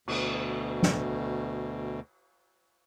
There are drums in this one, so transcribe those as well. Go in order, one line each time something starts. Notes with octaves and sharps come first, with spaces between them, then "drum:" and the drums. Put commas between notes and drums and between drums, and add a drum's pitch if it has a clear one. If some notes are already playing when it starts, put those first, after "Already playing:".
D2 B2, drum: cymbal
drum: snare